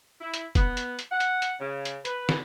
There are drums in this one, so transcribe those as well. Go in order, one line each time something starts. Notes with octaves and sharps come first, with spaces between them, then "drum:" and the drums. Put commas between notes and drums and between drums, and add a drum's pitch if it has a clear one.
E4
drum: hi-hat
B3, drum: kick, hi-hat
drum: hi-hat
drum: hi-hat
F#5
drum: hi-hat
drum: hi-hat
C#3
drum: hi-hat
B4, drum: hi-hat
drum: snare